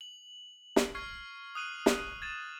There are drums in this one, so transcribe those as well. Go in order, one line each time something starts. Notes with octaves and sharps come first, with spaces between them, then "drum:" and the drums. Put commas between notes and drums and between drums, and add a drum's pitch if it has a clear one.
F#7
drum: snare
C#6 F6 G#6 C7
D#6 F#6 D#7 F#7
drum: snare
G#6 A6 D#7 E7